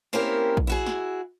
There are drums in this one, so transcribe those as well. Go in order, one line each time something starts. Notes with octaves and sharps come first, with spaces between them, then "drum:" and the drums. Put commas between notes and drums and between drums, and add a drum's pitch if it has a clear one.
A#3 C4 C#4 E4 G4 A#4
drum: kick A#1
E4 F#4 G#4
drum: snare